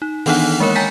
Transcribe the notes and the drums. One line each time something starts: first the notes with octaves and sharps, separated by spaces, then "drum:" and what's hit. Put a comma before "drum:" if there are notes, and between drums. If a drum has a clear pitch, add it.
D#4
D#3 E3 B3 D4 D#4 F#5, drum: open hi-hat
G#3 A#3 A#4 C#5
G5 G#5 A#5 G6 A6 B6